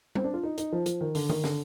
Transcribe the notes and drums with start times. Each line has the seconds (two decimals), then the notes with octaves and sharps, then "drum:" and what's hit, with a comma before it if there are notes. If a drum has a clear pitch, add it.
0.15 C4, drum: tom
0.24 D4
0.34 F4
0.43 D#4
0.58 D#4, drum: hi-hat
0.72 F3
0.86 F3, drum: hi-hat
1.01 D#3
1.15 D3, drum: open hi-hat
1.29 D#3, drum: tom D3
1.44 D3, drum: snare